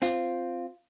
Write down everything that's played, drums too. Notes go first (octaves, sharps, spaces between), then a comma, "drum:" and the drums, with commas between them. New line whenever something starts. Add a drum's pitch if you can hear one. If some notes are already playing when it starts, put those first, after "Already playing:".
C4 F4, drum: hi-hat